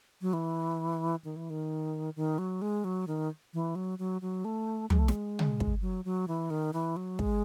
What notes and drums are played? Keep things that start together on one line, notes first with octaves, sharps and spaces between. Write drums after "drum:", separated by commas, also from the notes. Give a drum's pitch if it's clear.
F#3
E3
D#3
E3
D#3
D#3
F#3
G#3
F#3
D#3
E3
F#3
F#3
F#3
A3
G#3, drum: tom
A3
G#3, drum: snare
drum: tom
drum: kick
F#3
F#3
E3
D#3
E3
F#3
G#3, drum: kick